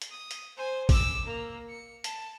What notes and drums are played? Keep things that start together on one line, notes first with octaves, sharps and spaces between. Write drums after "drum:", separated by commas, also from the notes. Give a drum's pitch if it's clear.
drum: hi-hat
D#6
drum: hi-hat
C5 G#5
D6 E6, drum: kick, open hi-hat
A#3
C#7
A5, drum: hi-hat